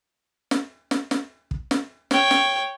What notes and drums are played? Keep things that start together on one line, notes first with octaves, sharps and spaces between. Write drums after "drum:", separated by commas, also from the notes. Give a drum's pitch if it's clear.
drum: snare
drum: snare
drum: snare
drum: kick
drum: snare
C#5 G5, drum: snare
drum: snare